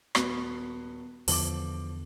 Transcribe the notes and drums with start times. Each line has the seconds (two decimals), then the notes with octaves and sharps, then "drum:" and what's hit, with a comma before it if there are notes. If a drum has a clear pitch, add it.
0.15 D#1 B3 F#4, drum: rim click
1.28 E2 D3 F3 D6, drum: open hi-hat